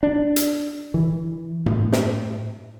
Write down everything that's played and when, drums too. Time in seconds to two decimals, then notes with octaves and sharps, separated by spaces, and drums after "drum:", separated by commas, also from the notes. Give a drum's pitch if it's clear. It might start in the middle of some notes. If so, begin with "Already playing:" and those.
0.03 D4
0.36 drum: hi-hat
0.94 E3
1.66 A2, drum: tom G2
1.92 drum: snare